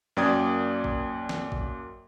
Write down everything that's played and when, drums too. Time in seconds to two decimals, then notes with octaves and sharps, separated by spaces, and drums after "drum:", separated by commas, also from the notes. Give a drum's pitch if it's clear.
0.17 F#2 A#3 D5 G5 D#6 G#6
0.84 drum: kick A1
1.29 drum: snare
1.52 drum: kick A1